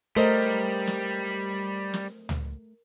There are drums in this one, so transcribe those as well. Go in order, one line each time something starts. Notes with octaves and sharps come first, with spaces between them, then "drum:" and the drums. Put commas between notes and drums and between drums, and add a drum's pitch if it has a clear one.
G3 A3 A#4 C5 D#5
drum: snare
drum: snare
drum: tom C#2